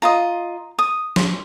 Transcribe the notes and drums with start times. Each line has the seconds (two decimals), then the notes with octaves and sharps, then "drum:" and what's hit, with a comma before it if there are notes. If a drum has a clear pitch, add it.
0.02 F4 D#5 A#5
0.79 D#6
1.16 C6, drum: snare